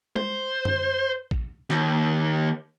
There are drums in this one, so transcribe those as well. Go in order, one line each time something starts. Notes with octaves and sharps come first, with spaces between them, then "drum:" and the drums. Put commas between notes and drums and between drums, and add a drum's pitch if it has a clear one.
C5, drum: tom G#3
drum: tom F#2
drum: kick A1
D#2, drum: snare